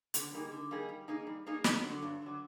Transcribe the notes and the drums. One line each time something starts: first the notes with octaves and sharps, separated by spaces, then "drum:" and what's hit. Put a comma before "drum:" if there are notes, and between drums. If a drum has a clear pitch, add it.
D3, drum: hi-hat
G3 A#3 D#4 G#4
D3
G3 A#3 D#4 G#4
G3
A#3 D#4 G#4
G3
A#3 D#4 G#4
G2, drum: snare
D3 F#3
G2
D3 F#3